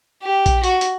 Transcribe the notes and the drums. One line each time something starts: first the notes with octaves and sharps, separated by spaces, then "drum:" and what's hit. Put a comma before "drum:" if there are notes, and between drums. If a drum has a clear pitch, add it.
G4
drum: kick A#1, hi-hat
F#4, drum: hi-hat
drum: hi-hat